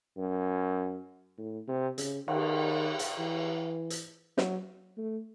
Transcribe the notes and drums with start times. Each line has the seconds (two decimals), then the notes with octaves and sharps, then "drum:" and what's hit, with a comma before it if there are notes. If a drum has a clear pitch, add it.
0.17 F#2
1.38 A2
1.68 C3
1.98 C#3, drum: hi-hat
2.28 D#3, drum: cymbal
2.99 drum: hi-hat
3.18 E3
3.90 drum: hi-hat
4.38 F#3, drum: snare
4.97 A3